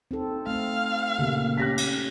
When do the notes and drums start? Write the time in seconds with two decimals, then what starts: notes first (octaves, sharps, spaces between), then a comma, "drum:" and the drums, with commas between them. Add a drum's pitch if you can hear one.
0.11 C4 D#4 A4
0.47 A3 C4 F5
1.18 A#2 C#3 G4
1.57 C#4 G4 F#6 A#6 B6
1.78 drum: cymbal